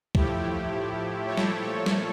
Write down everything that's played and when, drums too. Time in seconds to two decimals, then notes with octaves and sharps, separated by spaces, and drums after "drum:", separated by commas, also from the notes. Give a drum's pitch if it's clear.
0.15 A2 F3 A3 E4 G4, drum: kick C#2
1.26 A4 C#5
1.37 drum: snare
1.62 A#2 F3 A3 A4 C#5
1.86 drum: snare